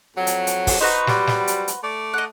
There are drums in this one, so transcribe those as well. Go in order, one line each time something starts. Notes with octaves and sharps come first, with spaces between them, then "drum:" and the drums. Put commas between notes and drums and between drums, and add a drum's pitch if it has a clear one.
F2 F#3
drum: hi-hat
drum: hi-hat
drum: kick, open hi-hat
D#4 F#4 B4 C5
F#3 G3, drum: snare
drum: snare
drum: hi-hat
drum: hi-hat
A3 D5
D#5 F#5